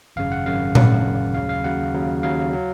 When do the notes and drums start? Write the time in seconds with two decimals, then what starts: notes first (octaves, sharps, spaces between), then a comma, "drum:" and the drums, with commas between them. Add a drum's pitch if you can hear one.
0.16 G#1 F#2 C#3 F5
0.32 F#5
0.46 G#1 F#2 C#3 F5
0.75 G#1 F#2 C#3 F#5, drum: tom A#2
1.05 G#1 F#2 C#3
1.34 D#2 C#3 F#3 F5
1.49 F5
1.64 D#2 C#3 F#3 F#5
1.94 D#2 C#3 F#3
2.23 D#2 C#3 F#3 F5
2.53 F#3